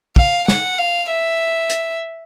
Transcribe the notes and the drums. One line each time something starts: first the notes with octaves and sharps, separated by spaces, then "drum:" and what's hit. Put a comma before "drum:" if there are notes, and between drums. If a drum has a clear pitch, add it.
F5, drum: kick
F#5, drum: snare
F5
E5
drum: hi-hat